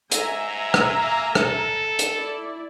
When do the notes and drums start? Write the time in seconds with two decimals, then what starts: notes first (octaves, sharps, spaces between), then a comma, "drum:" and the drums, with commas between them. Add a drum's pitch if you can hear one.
0.12 G#2 E5 G#5 A#5, drum: hi-hat
0.74 drum: rim click
0.98 A#3
1.35 A4, drum: rim click
1.99 drum: hi-hat
2.16 E4 D5